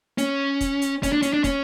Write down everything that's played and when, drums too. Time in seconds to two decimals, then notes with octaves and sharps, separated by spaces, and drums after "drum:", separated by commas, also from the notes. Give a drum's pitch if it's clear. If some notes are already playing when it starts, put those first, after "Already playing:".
0.18 C#4, drum: hi-hat
0.61 drum: kick, hi-hat
0.82 drum: hi-hat
1.03 C#4, drum: kick, hi-hat
1.12 D4
1.22 C#4, drum: hi-hat
1.33 D4
1.44 C#4, drum: kick, hi-hat